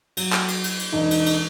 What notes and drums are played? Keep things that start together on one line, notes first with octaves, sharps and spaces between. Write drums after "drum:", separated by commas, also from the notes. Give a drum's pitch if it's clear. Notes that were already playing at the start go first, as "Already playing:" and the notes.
F#3, drum: cymbal
drum: clap
drum: cymbal
drum: cymbal
drum: cymbal
E1 D#4
drum: cymbal
drum: cymbal